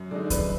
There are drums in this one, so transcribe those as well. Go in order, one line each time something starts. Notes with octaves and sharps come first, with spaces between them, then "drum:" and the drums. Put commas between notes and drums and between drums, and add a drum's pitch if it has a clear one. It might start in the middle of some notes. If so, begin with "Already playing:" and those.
Already playing: F#2
D3 G#3 D#4 D5
F#2 B4, drum: kick D2, hi-hat